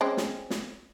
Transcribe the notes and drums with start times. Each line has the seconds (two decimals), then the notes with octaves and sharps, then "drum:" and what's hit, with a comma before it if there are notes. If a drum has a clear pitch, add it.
0.01 G#3 C4 C#4
0.17 drum: snare
0.50 drum: snare